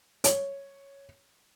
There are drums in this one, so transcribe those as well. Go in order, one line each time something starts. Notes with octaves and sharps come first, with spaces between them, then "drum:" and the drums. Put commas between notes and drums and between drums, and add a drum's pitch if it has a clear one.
C#5, drum: hi-hat